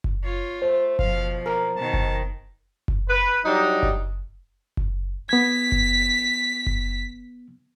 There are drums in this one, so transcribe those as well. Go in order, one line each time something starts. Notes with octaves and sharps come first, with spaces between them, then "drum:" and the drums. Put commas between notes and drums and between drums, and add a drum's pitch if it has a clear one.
drum: kick F#1
F4 C#5
A3 C5
B2 F3 F5, drum: kick F#1
A#3 A#4
B2 D#3 A5
drum: kick F#1
drum: kick F#1
B4
F#3 G3 D4 D#4
drum: kick F#1
drum: kick F#1
B3 G#6 B6
drum: kick F#1
drum: kick F#1